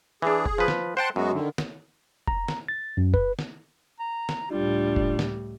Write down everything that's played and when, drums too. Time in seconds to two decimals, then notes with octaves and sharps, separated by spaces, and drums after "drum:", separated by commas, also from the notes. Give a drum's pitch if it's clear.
0.22 E3 D4 G#4
0.46 drum: kick F1
0.58 F3 B4
0.68 drum: snare
0.97 C5 F#5 G5 A5 C6 F#6
1.16 F#2 G#3 B3 F#4
1.32 D3 D#3
1.58 drum: snare
2.28 A#5, drum: kick F1
2.48 drum: snare
2.68 A6
2.97 F#2
3.14 B4, drum: kick F1
3.39 drum: snare
4.00 A#5
4.29 drum: snare
4.51 C#2 A2 G3 D4 F4
4.96 drum: kick F1
5.19 drum: snare